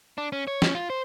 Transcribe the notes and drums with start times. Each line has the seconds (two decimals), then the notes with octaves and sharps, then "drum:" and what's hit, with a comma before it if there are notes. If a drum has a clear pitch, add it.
0.18 D4
0.32 C#4
0.47 C#5
0.62 C#4, drum: snare
0.75 F4
0.90 C5